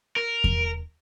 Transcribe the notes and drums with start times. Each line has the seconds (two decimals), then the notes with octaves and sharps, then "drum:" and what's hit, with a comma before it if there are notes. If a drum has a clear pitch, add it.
0.16 A#4
0.44 drum: kick E2